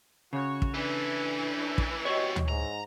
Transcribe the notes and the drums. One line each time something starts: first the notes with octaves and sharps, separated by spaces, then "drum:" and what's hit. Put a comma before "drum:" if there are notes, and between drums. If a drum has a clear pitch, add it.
C#3 F#4 C#5
drum: kick
E3 A3 C#4 D4
drum: kick
B3 C4 F#4 G4 C#5 D#5
drum: tom D2
G#2 A#5